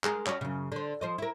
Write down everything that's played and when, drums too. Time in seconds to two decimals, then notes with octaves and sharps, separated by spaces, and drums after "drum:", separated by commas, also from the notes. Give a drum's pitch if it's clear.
0.04 G#3 G#4 A#4, drum: clap
0.26 C#4 F#4 D5, drum: clap
0.41 F#2 C#3
0.72 D3 C5
1.01 F3 C5 D#5
1.18 E4 A#4